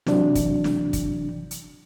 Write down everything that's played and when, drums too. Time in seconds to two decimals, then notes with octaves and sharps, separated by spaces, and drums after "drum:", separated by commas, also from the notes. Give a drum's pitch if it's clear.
0.06 C3 E3 F#3 D4, drum: snare
0.35 drum: kick, hi-hat
0.64 drum: snare
0.93 drum: kick, hi-hat
1.51 drum: hi-hat